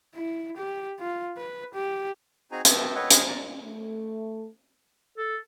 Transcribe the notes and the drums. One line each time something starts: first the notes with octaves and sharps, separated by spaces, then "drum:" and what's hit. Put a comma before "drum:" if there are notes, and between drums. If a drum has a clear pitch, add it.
E4
G4
F4
B4
G4
C4 D#4 F#4 G#4 G#5 A#5
B3 F#4 E5 G5 A5, drum: hi-hat
A4 B4 C#5 D#5 F#5 G5
G#4 D#5 G5 B5 F6 F#6, drum: hi-hat
D5 A#5
A3
A4